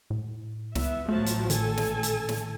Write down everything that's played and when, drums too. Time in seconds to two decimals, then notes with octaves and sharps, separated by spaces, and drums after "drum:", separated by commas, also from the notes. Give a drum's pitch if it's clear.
0.10 A2
0.75 C#2 B3 E5, drum: snare
1.09 A1 A2 F3 F#3 A3 A5
1.26 drum: hi-hat
1.50 D#3 A4 G#5, drum: hi-hat
1.77 drum: snare
2.03 drum: hi-hat
2.29 drum: snare